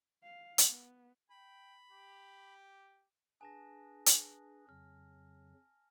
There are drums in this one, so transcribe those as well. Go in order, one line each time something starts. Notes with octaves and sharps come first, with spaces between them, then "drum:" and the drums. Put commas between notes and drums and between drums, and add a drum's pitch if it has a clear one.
F5
drum: hi-hat
B3
G5 B5
G4
D4 G#4 B4 G#5 A5 A#6
drum: hi-hat
F2 C#3 F#3 F6